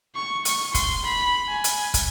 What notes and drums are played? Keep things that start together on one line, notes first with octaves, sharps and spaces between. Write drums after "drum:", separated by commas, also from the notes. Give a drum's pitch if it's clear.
C#6
C#6, drum: hi-hat
C6, drum: kick, hi-hat
B5
G#5
drum: hi-hat
drum: kick, hi-hat